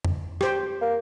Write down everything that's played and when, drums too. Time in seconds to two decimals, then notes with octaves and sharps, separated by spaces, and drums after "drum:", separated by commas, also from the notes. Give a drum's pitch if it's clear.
0.05 drum: tom F2
0.41 G4 C5, drum: rim click
0.82 A#3